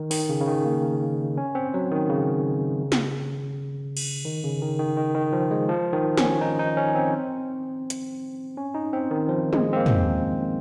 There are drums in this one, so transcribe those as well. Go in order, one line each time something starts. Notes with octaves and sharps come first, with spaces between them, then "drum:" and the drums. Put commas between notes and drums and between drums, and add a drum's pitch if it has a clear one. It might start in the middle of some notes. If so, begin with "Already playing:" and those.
Already playing: D#3
D#3, drum: open hi-hat
C#3
C#3
D#3
A#3
C#4
C4
F#3
D#3
C#3
drum: snare
drum: cymbal
D#3
C#3
D#3
D#3
D#3
D#3
F3
G#3
F3
D#3
C#4, drum: snare
D#4
D#4
C#4
C4
drum: hi-hat
C#4
D#4
C4
D#3
F3
G#3, drum: tom
C4
A#3
drum: tom